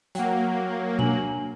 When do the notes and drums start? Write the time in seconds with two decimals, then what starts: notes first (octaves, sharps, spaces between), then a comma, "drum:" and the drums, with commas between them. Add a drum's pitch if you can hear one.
0.15 F#3 A#3 F#5 G5, drum: hi-hat
0.99 D4 G#5 F#7, drum: tom B2